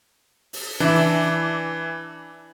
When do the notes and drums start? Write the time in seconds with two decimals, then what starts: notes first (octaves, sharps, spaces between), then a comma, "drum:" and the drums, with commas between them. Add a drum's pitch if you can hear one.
0.53 drum: open hi-hat
0.80 E3 D4 E4